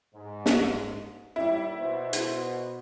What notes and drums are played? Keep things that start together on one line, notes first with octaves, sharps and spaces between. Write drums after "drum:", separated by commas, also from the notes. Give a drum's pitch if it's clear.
G#2
drum: snare
D#2 G3 E4
B2 C5
drum: hi-hat